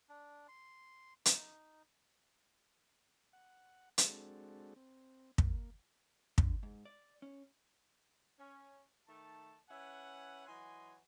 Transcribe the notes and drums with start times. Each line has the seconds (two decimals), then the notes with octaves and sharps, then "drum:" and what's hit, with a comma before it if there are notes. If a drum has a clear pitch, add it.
0.09 D4
0.48 C6
1.25 D#4, drum: hi-hat
3.33 F#5
3.98 G#3 C4 D4 F#4 A4, drum: hi-hat
4.76 C4
5.38 A#3, drum: kick
6.38 D3, drum: kick
6.63 G#2
6.85 D5
7.22 C#4
8.39 C#4
9.08 D#3 A3 A5
9.69 C#4 E4 B4 F#5 G#5
10.47 E3 F#3 D#5 G#5 C6